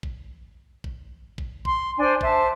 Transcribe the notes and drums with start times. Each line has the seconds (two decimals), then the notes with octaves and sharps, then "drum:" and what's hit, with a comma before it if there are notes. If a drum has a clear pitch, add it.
0.03 drum: kick
0.84 drum: kick
1.38 drum: kick
1.65 C6, drum: kick
1.97 D4 C5 G#5
2.21 C5 E5 A5, drum: kick